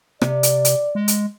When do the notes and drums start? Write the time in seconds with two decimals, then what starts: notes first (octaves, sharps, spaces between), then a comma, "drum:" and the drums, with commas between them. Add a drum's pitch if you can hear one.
0.22 C3 D5, drum: rim click
0.43 drum: hi-hat
0.65 drum: hi-hat
0.95 G#3
1.08 drum: hi-hat